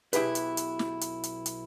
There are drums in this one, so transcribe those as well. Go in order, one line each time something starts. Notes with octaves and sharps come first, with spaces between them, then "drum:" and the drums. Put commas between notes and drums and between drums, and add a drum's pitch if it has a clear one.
B1 E4 G4 G#4 B4, drum: hi-hat
drum: hi-hat
drum: hi-hat
drum: snare
drum: hi-hat
drum: hi-hat
drum: hi-hat